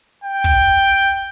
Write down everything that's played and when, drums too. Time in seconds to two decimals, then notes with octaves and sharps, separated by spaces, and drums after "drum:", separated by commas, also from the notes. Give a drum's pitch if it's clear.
0.24 G5
0.44 drum: kick